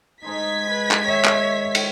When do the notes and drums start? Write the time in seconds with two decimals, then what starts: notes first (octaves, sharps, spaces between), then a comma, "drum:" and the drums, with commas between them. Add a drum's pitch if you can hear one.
0.24 G#2 G#3 D#4 C5 G#6 B6
0.71 B4
0.91 drum: clap
1.05 D#3 C#5 E5
1.25 drum: clap
1.75 drum: cymbal